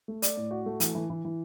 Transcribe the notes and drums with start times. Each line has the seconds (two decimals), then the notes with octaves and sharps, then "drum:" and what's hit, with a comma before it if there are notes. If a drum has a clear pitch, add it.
0.08 A3
0.22 D5, drum: hi-hat
0.37 A2
0.51 F#4
0.66 A3
0.80 E3, drum: hi-hat
0.95 E3
1.10 E3
1.25 E3